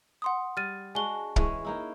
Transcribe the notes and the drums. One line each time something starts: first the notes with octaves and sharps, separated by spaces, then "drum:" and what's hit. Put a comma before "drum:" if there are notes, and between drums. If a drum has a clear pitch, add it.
F#5 C6 D#6
G3 F6 A6 D#7
G#3 D4 F#4 G#5 G7
E3 G#3 C#4, drum: kick
A#3 D#4 E4